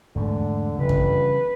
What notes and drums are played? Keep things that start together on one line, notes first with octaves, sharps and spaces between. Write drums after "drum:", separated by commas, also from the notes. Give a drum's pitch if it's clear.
E2 G#2 D3 A3
G1 C#3 E3 G3 B4
drum: kick F#2